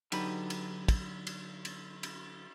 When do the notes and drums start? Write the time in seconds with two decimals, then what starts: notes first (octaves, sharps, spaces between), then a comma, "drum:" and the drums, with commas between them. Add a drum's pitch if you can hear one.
0.12 D3 F#3 D#4 G4 B4 B5, drum: cymbal
0.50 drum: cymbal
0.88 drum: kick, cymbal
1.27 drum: cymbal
1.65 drum: cymbal
2.03 drum: cymbal